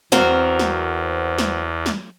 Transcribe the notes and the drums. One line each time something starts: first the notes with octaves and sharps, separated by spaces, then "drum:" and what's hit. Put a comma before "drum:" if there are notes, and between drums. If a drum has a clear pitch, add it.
E2 C4 F#4 A#4, drum: snare
drum: snare
drum: snare
drum: snare